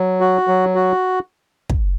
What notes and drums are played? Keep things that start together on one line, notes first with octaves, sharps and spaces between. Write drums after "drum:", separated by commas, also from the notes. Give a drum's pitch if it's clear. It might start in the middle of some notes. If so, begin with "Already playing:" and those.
Already playing: F#3
F#4
F#3
F#4
drum: kick